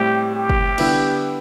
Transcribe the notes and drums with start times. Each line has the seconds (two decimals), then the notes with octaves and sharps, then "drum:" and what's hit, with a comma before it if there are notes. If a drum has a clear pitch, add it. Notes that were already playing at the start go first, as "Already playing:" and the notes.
Already playing: A2 G3 C4 G4
0.34 G4
0.49 drum: kick
0.78 D3 G3 B3 E4, drum: cymbal